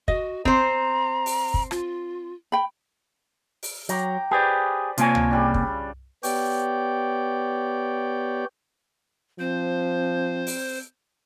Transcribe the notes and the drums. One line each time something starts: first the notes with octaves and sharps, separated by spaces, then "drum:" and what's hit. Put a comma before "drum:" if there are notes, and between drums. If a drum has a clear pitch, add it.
F#4 D#5, drum: kick
C4 C5 A#5, drum: kick
drum: open hi-hat
drum: kick
F4, drum: rim click
G5 B5
drum: open hi-hat
F#3 G5 A#5 D6, drum: hi-hat
G4 G#4 B4 C5 D5
C3 F3 A#3 C#5 G#5, drum: hi-hat
drum: tom
C#3 G3 D4
drum: kick
B3 G4 C#5 D5 G5, drum: open hi-hat
F3 C4 C5
drum: open hi-hat